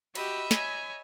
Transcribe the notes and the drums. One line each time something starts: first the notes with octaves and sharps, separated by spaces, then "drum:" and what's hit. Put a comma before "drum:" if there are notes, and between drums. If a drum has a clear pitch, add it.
F#4 G4 D#5 E5 B5, drum: cymbal
C#5 G#5, drum: snare